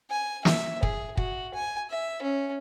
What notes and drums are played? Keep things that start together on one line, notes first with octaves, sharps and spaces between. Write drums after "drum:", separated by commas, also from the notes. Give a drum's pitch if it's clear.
G#5
E5, drum: snare
G#4, drum: kick
F#4, drum: kick
G#5
E5
C#4